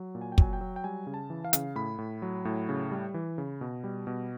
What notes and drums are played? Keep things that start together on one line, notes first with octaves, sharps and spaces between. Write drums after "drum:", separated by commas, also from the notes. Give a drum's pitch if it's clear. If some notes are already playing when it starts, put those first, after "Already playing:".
Already playing: F#3
A#2
G#5
G5
F#3 G#5, drum: kick
G5
F#3
G5
G3 G#5
C#3
A5
E3
F5
C#3, drum: hi-hat
A2 B5
A2
F#3
A2
C#3
G3
E3
C#3
B2
G3
B2